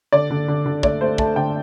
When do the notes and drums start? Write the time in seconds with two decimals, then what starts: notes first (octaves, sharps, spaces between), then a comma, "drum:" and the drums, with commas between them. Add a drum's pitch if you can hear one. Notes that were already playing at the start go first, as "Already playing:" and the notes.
0.12 D3 D5
0.30 D3
0.48 D3
0.66 D3
0.83 A3 D5, drum: kick
1.01 A3 C5
1.18 A3 A5, drum: kick
1.36 D3 G5